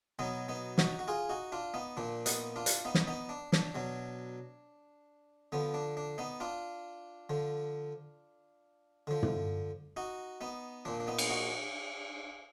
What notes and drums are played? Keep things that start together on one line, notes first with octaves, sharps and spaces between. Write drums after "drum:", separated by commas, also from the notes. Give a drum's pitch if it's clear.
B2 F#3 B3 D#4
B3 D#4
D#4 F#4, drum: snare
F#4
F4 G#4
D#4 F#4
D4 F4
B3 D#4
A#2 F3 D4
B3 D#4, drum: hi-hat
D4 F4
drum: hi-hat
B3 D#4
drum: snare
B3 D#4
D4
D4, drum: snare
B2 F#3
D3 F3 B3
D4
D4
B3 D#4
D4 F4
D3 F3
D3 F3
drum: tom
D#4 F#4
B3 D#4
A#2 F3 D4
D4
B3 D#4
drum: cymbal
D#4 F#4